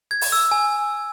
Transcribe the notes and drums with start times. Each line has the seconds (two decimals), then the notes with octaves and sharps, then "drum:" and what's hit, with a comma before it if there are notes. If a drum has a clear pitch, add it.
0.11 G#6
0.21 drum: open hi-hat
0.32 E6
0.51 G#5